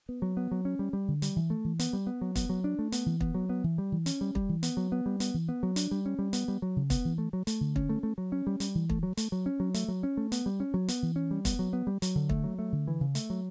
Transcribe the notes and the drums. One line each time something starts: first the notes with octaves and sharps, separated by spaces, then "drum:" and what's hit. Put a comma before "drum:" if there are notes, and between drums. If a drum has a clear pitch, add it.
B3
F#3
B3
F#3
C#4
G3
G3
D3
G3, drum: hi-hat
E3
A3
E3
B3, drum: hi-hat
G3
B3
F#3
B3, drum: kick, hi-hat
F#3
D4
A3
B3, drum: hi-hat
E3
B3, drum: kick
F#3
B3
E3
G3
E3
C#4, drum: hi-hat
G3
G3, drum: kick
E3
B3, drum: hi-hat
F#3
B3
G3
B3, drum: hi-hat
E3
B3
F#3
D4, drum: hi-hat
G3
C#4
G3
B3, drum: hi-hat
G3
F#3
C#3
B3, drum: kick, hi-hat
E3
A3
F#3
A3, drum: hi-hat
D3
C#4, drum: kick
A3
A3
F#3
C#4
G3
G3, drum: hi-hat
E3
A3, drum: kick
F#3
A3, drum: hi-hat
F#3
C#4
F#3
A3, drum: hi-hat
F#3
C#4
A3
B3, drum: hi-hat
G3
C#4
F#3
B3, drum: hi-hat
E3
C#4
G3
B3, drum: kick, hi-hat
F#3
B3
G3
F#3, drum: hi-hat
D3
A3, drum: kick
F#3
A3
D3
E3
C#3
A3, drum: hi-hat
F#3